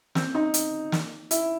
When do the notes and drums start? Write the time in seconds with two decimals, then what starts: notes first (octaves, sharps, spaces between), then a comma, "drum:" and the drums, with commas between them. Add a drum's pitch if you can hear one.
0.15 C4, drum: snare
0.35 D#4
0.54 drum: hi-hat
0.92 drum: snare
1.31 E4, drum: hi-hat